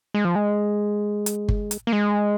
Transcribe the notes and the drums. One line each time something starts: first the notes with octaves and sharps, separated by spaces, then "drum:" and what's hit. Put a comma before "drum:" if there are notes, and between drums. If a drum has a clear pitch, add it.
G#3
F3
G#3
drum: hi-hat
drum: kick G1
drum: hi-hat
A#3
G#3